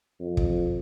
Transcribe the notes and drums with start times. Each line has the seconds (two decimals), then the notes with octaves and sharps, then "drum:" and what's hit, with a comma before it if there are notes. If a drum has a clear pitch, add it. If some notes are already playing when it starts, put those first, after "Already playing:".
0.20 F2
0.37 drum: kick